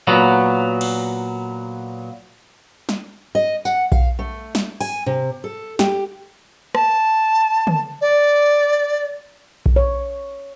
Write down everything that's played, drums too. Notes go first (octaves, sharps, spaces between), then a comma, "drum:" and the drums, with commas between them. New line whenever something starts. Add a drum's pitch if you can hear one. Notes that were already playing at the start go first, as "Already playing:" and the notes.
A#2 F#3 B3
drum: cymbal
drum: snare
D#5
F#5, drum: tambourine
F5, drum: kick B1
A3
drum: snare
G#5, drum: open hi-hat
C3
A4
G4, drum: snare
A5, drum: rim click
drum: tom
D5
drum: kick B1
C#5